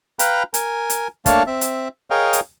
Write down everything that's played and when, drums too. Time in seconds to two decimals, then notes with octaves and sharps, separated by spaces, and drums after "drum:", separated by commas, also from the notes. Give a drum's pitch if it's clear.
0.19 B4 F5 G5 A#5 B5, drum: hi-hat
0.54 A#4 G#5, drum: hi-hat
0.90 drum: hi-hat
1.26 A3 A#3 D4 C#5 F5 A5, drum: kick, hi-hat
1.47 C4 E5
1.61 drum: hi-hat
2.10 G#4 A#4 C#5 D#5 F5 G5
2.33 drum: hi-hat